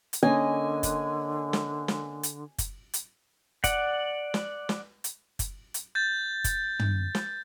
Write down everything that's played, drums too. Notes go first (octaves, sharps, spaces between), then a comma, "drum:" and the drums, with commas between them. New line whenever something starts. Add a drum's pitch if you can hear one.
drum: hi-hat
D3 A#3 C#4 D#5 G#5
drum: kick, hi-hat
drum: snare
drum: snare
drum: hi-hat
drum: kick, hi-hat
drum: hi-hat
D5 F#5, drum: kick, hi-hat
drum: snare
drum: snare
drum: hi-hat
drum: kick, hi-hat
drum: hi-hat
G6 A6
drum: kick, hi-hat
drum: tom
drum: snare